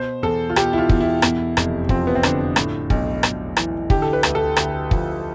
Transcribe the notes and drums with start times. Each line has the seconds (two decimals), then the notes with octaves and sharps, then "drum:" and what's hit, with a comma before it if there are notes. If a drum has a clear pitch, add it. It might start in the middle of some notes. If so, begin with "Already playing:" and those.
Already playing: B2 C5
0.23 E2 A4
0.49 F4
0.56 B2 G4, drum: rim click
0.73 E4
0.78 F4
0.89 E2, drum: kick
1.01 E4
1.22 E2, drum: rim click
1.57 F1, drum: rim click
1.89 F3 C4, drum: kick
2.07 B3
2.15 C4
2.23 D3 D4, drum: rim click
2.56 A2, drum: rim click
2.90 B1, drum: kick
3.23 B1, drum: rim click
3.57 E3, drum: rim click
3.90 D3 G4, drum: kick
4.02 A4
4.13 B4
4.23 D2, drum: rim click
4.35 A4
4.56 D2, drum: rim click
4.91 F3, drum: kick